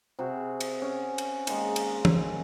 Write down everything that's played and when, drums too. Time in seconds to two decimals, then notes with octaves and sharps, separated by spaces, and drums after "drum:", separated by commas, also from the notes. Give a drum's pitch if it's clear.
0.19 C3 F#4 G#4
0.60 drum: cymbal
0.82 C#4
1.18 drum: cymbal
1.47 D#3 G#3 A#3 D#4, drum: cymbal
1.76 drum: cymbal
2.05 drum: tom